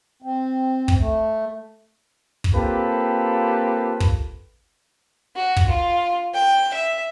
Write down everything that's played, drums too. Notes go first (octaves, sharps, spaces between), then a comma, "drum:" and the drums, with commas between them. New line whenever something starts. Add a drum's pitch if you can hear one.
C4
drum: kick
A3
drum: kick
A#3 C4 F4 G4 A4 B4
drum: kick
F#4
drum: kick
F4
G5
E5